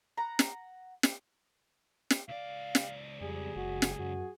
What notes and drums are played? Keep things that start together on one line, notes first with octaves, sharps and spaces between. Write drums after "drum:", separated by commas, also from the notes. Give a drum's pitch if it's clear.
F#5 A#5
drum: snare
drum: snare
drum: snare
C#2 D5 F5
drum: snare
F2 G3 G#4
F#1 F#4
drum: snare
F#2 F#4